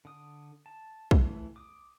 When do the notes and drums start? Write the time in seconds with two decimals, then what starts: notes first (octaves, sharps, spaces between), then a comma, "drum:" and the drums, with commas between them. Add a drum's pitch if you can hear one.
0.05 D3 D#6
0.66 A5
1.11 E3 A3, drum: kick
1.56 D6 D#6